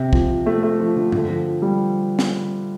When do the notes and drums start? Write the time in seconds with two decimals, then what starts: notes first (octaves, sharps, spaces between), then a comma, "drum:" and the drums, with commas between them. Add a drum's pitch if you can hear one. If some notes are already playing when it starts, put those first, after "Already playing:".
Already playing: C3
0.13 F3, drum: kick
0.46 A3
0.63 A3
0.80 F3
0.96 D3
1.12 D3, drum: tom G2
1.29 F3
1.62 G3
2.19 drum: snare